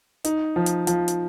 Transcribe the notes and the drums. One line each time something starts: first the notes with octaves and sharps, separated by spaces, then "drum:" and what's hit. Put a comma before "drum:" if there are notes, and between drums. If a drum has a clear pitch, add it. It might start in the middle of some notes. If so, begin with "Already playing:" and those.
D#4, drum: hi-hat
F3
drum: hi-hat
F3, drum: hi-hat
drum: hi-hat